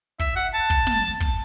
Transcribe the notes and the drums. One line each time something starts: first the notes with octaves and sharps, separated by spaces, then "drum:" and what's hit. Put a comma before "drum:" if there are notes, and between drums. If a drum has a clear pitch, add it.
E5, drum: kick
F#5
A5
drum: kick
drum: snare
drum: kick